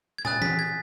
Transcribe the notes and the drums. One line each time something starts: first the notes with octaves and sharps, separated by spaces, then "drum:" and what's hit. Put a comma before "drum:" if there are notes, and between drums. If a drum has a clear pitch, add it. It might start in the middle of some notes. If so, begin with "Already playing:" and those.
G#6
G#5 D#6 F#6 A6, drum: tom
B6, drum: tom E3
G#6